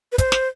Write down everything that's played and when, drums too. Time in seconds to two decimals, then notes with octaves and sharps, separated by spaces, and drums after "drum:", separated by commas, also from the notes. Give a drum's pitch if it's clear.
0.12 B4
0.18 C5, drum: kick, hi-hat
0.32 drum: snare